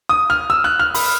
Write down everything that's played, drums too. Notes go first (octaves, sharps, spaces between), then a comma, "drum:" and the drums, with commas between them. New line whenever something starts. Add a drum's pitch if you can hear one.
D#6
F6
E6
F#6
F6
B5, drum: open hi-hat